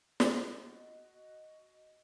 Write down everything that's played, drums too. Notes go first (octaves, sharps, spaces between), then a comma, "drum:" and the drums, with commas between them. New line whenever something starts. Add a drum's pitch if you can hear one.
F#4 D#5, drum: snare